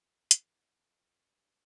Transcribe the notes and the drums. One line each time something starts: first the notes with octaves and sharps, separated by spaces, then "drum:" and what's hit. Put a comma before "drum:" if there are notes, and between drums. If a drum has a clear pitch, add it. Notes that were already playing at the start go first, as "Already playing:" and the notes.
Already playing: F2
E2, drum: hi-hat
F2
G2